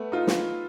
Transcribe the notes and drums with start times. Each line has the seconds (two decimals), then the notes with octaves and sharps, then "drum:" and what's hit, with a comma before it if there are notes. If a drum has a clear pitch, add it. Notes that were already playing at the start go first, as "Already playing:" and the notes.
Already playing: A3 B3
0.12 D#4 F4
0.27 drum: snare